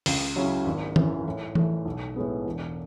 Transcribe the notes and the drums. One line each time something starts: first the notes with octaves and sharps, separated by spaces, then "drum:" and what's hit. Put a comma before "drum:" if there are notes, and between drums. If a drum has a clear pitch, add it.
C#2, drum: open hi-hat
C#3 F#3 C#4 E4
G#1
F#2 E3, drum: tom
A2
E3 A3, drum: tom E3
B1
A2 G#3 B3
E1